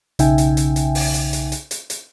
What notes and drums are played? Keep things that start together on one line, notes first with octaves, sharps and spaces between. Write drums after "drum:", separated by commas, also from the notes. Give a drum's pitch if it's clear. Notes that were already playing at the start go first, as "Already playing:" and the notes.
B1 C#3 D#4 E5 G5 G#5, drum: hi-hat
drum: hi-hat
drum: hi-hat
drum: hi-hat
drum: open hi-hat
drum: hi-hat
drum: hi-hat
drum: hi-hat
drum: hi-hat
drum: hi-hat